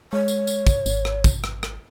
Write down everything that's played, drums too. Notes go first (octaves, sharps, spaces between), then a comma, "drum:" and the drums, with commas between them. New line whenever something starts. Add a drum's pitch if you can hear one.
G#3 C#5
drum: tambourine
drum: tambourine
drum: kick, tambourine
G#1, drum: tambourine
drum: rim click
drum: kick, tambourine
drum: rim click
drum: rim click